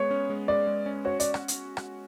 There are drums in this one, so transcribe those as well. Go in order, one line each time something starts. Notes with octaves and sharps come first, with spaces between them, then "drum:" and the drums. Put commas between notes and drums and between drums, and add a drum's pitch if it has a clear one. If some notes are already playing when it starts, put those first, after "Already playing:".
Already playing: G#3 B3 C#5
C#4
G#3
G#3 D5
G#3
C#4
F#4 C#5
D5, drum: hi-hat
drum: rim click
drum: hi-hat
drum: rim click